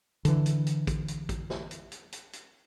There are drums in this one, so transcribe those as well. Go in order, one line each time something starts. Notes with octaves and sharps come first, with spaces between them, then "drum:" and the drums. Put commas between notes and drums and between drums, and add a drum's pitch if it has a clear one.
D3 E3, drum: hi-hat
drum: hi-hat
drum: hi-hat
drum: kick, hi-hat
drum: hi-hat
drum: kick, hi-hat
drum: snare
drum: hi-hat
drum: hi-hat
drum: hi-hat
drum: hi-hat